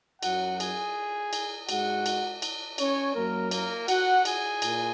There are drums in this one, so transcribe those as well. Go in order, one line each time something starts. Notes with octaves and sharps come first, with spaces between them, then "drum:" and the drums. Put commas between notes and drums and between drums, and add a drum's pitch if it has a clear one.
F#2 F#3 F#4 F#5, drum: cymbal
G#4 G#5, drum: cymbal
drum: cymbal
G#2 G#3 F#4 F#5, drum: cymbal
drum: cymbal
drum: cymbal
C#4 C#5, drum: cymbal
F#2 F#3 A#3 A#4
A#3 A#4, drum: cymbal
F#4 F#5, drum: cymbal
G#4 G#5, drum: cymbal
A#2, drum: cymbal